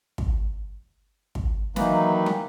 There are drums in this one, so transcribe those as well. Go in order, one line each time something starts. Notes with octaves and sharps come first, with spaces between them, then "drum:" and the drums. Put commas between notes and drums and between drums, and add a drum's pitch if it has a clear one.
drum: kick
drum: kick
D#3 E3 F#3 A#3 D#4 B4, drum: snare
drum: tom